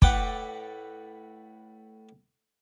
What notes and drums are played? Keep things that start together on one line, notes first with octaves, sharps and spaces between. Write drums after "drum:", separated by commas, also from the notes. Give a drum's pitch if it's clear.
A2 B4 F#5 G5 A5 D6, drum: kick